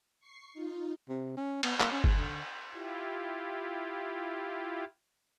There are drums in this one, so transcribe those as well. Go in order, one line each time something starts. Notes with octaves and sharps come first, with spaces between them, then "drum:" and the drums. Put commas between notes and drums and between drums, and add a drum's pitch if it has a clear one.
C#6 C7
D#4 F4
C3
C#4
B3, drum: cymbal
A#3, drum: clap
C#4
G#2, drum: kick
D3
E4 F4 G4